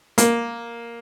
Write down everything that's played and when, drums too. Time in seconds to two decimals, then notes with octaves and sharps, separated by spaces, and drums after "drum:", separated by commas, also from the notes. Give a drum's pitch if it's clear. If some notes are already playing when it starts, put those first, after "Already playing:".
0.18 A#3, drum: hi-hat